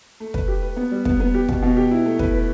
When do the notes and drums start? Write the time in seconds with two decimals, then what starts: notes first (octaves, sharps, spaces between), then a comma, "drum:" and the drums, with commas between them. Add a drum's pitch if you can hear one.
0.20 A3
0.34 B4, drum: kick
0.48 G4
0.62 B4
0.77 B3
0.91 G3
1.05 B3, drum: kick
1.20 B3
1.34 G4
1.49 B2, drum: kick
1.62 B2
1.77 G4
1.91 E4
2.06 A3
2.19 B4, drum: kick
2.34 B4